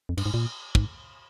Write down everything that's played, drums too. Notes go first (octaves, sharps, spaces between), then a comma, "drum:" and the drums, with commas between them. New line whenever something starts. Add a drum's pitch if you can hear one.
F2
G2, drum: cymbal
G#2
A#2
G#2, drum: kick